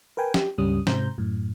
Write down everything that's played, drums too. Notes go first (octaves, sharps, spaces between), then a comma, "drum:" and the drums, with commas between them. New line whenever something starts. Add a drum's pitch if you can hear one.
A#4 B4 G5 G#5
G4, drum: snare
C#2 G2 G3 C#4 D#6
G#2 C3 C5 A#5 G6, drum: snare
F#2 A2